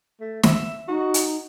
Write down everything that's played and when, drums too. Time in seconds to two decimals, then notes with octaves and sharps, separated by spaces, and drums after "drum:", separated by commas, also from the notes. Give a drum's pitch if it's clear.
0.21 A3
0.43 E5, drum: snare
0.88 D#4 F#4
1.14 drum: hi-hat